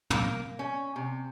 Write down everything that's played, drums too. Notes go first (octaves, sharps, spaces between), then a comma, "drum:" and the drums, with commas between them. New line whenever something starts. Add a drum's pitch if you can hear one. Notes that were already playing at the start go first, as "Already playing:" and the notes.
A#3, drum: tom
C#4
C3